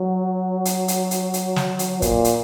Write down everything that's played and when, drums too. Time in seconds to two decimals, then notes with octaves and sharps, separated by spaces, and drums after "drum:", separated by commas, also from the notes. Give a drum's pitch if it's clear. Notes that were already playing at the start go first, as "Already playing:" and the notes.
Already playing: F#3
0.65 drum: hi-hat
0.88 drum: hi-hat
1.11 drum: hi-hat
1.34 drum: hi-hat
1.56 drum: snare
1.79 drum: hi-hat
2.02 A#2, drum: kick, hi-hat
2.24 drum: hi-hat